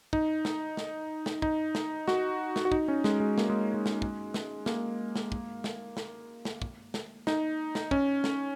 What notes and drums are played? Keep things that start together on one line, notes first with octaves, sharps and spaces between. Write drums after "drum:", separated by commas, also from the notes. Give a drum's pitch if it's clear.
D#4, drum: kick
drum: snare
drum: snare
drum: snare
D#4, drum: kick
drum: snare
F#4, drum: snare
drum: snare
F#4
D#4, drum: kick
C#4
G#3, drum: snare
G#3
A#3, drum: snare
G#3
G#3
drum: snare
drum: kick
drum: snare
A#3, drum: snare
drum: snare
drum: kick
drum: snare
drum: snare
drum: snare
drum: kick
drum: snare
D#4, drum: snare
drum: snare
C#4, drum: kick
drum: snare